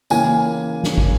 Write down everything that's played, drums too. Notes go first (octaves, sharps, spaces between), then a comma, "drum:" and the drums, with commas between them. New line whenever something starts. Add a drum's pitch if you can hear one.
C#3 E3 A#3 G#5, drum: tambourine
drum: snare
drum: kick